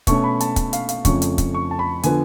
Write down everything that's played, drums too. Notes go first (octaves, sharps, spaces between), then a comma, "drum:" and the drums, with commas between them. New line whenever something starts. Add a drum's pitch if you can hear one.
B2 A3 C#4 C#6, drum: kick, hi-hat
B5
A5, drum: hi-hat
A5, drum: kick, hi-hat
F5, drum: hi-hat
F5, drum: hi-hat
F2 C#3 F3 A3 C#4 C#6, drum: kick, hi-hat
drum: hi-hat
drum: kick, hi-hat
C#6
A5
B5
D3 F3 B3 G#5, drum: hi-hat